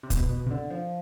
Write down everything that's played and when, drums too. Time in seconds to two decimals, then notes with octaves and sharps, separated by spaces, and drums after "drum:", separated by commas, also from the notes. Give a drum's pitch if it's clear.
0.03 C3
0.10 B2, drum: kick, hi-hat
0.29 B2
0.46 C3
0.51 D3
0.70 F3